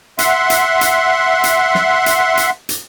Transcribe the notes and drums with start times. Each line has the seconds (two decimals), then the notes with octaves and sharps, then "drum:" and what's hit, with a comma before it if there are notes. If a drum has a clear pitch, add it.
0.19 E5 F#5 C6, drum: hi-hat
0.50 drum: hi-hat
0.81 drum: hi-hat
1.44 drum: hi-hat
1.75 drum: snare
2.06 drum: hi-hat
2.37 drum: hi-hat
2.69 drum: hi-hat